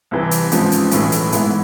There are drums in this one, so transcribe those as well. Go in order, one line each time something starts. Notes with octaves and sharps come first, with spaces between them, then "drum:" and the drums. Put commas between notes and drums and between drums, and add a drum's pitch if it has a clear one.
C2 C3 E3
drum: hi-hat
A1 G#2 F3, drum: hi-hat
drum: hi-hat
B1 A2 E3, drum: hi-hat
drum: hi-hat
G#2 E3 B3 E4, drum: hi-hat